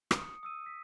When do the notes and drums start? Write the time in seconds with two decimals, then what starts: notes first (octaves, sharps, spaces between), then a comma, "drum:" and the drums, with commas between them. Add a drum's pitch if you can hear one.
0.11 D#6 C#7, drum: rim click
0.43 D#6 E6 D#7
0.66 B6